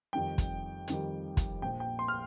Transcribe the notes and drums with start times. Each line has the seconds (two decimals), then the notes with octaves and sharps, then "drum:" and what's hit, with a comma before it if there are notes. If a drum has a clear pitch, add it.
0.13 F2 D#3 G3 G5
0.38 drum: kick, hi-hat
0.88 F2 D#3 G3, drum: hi-hat
1.37 drum: kick, hi-hat
1.62 A#1 A#2 F3 G5
1.80 G5
1.99 C6
2.08 F6